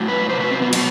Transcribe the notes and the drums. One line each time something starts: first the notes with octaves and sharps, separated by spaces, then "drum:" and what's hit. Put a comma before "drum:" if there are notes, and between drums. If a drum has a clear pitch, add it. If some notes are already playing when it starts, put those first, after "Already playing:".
Already playing: A2 F#3
B4
C3 F#3 C5
B4
C4
B3
B2 F#3 B3, drum: cymbal